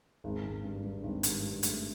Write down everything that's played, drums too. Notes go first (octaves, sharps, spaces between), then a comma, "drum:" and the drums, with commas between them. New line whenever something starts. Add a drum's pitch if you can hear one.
G#1
G#1
G2
G2
G#1
G2, drum: hi-hat
G2
A3, drum: hi-hat